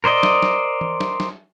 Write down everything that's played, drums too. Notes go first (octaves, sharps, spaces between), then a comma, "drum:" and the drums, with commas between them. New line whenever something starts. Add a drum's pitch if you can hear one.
A#4 C5 D5 D#5, drum: tom A#2
drum: snare
drum: snare
drum: tom E3
drum: snare
drum: snare